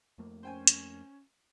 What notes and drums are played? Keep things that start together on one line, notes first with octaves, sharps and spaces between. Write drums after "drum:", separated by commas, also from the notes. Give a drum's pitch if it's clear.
F2 A3 A#3
C#4 C5 G5 G#5
drum: hi-hat